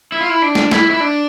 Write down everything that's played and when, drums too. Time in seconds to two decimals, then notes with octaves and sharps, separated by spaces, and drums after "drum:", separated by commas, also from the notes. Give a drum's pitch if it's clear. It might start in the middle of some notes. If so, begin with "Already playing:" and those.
0.12 E4
0.21 F4
0.29 E4
0.42 D4
0.55 drum: snare
0.71 E4, drum: snare
0.90 E4
1.00 D4